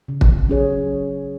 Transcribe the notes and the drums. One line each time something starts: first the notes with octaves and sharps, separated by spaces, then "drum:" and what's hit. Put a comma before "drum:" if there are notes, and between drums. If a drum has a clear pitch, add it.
C#3
drum: kick
F#3 C#4 G#4 C#5